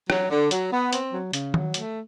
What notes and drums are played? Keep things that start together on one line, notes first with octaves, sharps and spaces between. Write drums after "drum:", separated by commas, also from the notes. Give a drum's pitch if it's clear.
F#3, drum: rim click
D3
F#3, drum: hi-hat
B3
C4, drum: hi-hat
F#3
C#3, drum: hi-hat
F#3, drum: tom D#3
A3, drum: hi-hat